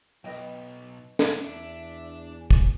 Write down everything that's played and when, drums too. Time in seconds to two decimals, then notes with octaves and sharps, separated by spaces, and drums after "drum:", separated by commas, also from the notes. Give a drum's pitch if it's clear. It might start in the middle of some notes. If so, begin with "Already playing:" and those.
0.24 B1 B4 D#5 G5
1.19 drum: snare
1.44 E2 D4 E5
2.40 G#5
2.51 drum: kick